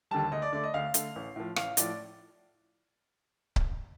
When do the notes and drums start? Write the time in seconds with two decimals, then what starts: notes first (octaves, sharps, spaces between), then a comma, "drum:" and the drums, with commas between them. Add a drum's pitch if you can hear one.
0.11 D#2 D3 G3 A5
0.31 D2 D#5
0.42 D5
0.52 D3 A3 D5
0.64 D#5
0.74 D2 F5
0.94 D3 A3, drum: hi-hat
1.16 A1
1.36 A2 F3
1.56 A1 F5, drum: rim click
1.77 A2 F3 D5, drum: hi-hat
3.56 drum: kick C#1